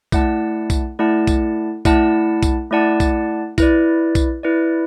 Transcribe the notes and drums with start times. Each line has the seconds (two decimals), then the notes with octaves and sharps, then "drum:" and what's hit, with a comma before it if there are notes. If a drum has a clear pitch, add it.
0.12 A3 E4 D5 F#5 A5, drum: kick, tambourine
0.70 drum: kick, tambourine
0.99 A3 E4 D5 F#5 A5
1.27 drum: kick, tambourine
1.85 A3 E4 D5 F#5 A5, drum: kick, tambourine
2.43 drum: kick, tambourine
2.71 A3 E4 D5 F#5 A5
3.00 drum: kick, tambourine
3.58 E4 B4 D5, drum: kick, tambourine
4.15 drum: kick, tambourine
4.43 E4 B4 D5